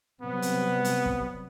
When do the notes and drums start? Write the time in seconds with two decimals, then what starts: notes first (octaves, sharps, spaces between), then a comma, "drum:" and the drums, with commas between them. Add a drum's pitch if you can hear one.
0.21 C3 F#3 G3 B3
0.42 drum: hi-hat
0.84 drum: hi-hat
1.06 drum: kick